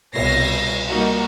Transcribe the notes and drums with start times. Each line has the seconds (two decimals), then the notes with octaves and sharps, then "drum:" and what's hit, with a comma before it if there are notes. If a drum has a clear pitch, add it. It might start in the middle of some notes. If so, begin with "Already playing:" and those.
0.15 C2 B2 C#5 A#6 C7, drum: cymbal
0.89 G3 A#3 D#4 F#4